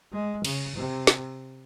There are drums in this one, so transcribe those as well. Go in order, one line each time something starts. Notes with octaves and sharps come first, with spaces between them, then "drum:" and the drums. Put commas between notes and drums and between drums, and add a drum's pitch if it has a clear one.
G#3
C#3, drum: cymbal
C3
drum: snare